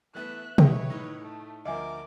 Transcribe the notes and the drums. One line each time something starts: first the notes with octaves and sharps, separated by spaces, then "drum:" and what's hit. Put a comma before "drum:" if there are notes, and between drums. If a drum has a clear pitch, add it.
E3 A3 B3 E5 F#6
B4 C#5 D#5 E5 G5, drum: tom
A2 D#4
A3
D2 F3 A#4 D#5 E5 G#5 D6